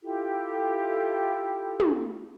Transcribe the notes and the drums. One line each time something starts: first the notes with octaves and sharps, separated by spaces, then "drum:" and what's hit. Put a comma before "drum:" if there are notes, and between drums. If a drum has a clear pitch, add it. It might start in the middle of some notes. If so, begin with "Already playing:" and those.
E4 F4 G4 A4
drum: tom